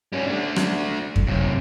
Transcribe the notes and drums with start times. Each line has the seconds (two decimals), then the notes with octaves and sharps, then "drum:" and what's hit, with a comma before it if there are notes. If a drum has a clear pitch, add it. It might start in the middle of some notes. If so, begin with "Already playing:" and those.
0.13 G3 C#4
0.27 A3 D4
0.56 drum: rim click
1.16 drum: kick F2
1.27 F#2 C3